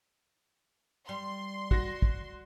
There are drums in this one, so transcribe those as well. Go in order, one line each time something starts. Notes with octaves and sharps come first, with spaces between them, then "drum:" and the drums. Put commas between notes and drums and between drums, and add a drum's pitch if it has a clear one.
G3 C6
F#4 A#6, drum: kick
drum: kick